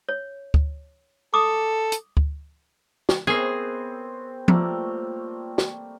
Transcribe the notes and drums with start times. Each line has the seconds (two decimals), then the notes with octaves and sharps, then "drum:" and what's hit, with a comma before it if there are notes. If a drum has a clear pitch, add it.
0.09 C#5
0.54 drum: kick D2
1.34 A4 D6 D#6
1.92 drum: hi-hat
2.17 drum: kick D2
3.09 drum: snare
3.27 B3 C4 G#4 A#4 B4 C#5 C7
4.48 G3 A3 A#3 F4 C5 E6, drum: tom F3
5.58 drum: snare